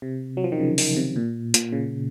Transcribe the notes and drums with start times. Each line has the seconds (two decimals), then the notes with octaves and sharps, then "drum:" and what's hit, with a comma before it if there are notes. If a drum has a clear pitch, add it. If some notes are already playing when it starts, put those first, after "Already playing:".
0.02 C3
0.37 F#3
0.44 F3
0.52 D#3
0.59 C#3
0.78 D#3, drum: open hi-hat
0.96 C3
1.16 A#2
1.54 A#2, drum: hi-hat
1.72 C#3